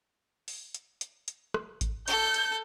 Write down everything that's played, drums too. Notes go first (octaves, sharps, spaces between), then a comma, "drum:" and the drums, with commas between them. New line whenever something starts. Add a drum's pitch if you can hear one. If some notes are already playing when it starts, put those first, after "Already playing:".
drum: open hi-hat
drum: hi-hat
drum: hi-hat
drum: hi-hat
drum: rim click
drum: kick G#1, hi-hat
A4 G6, drum: hi-hat
drum: hi-hat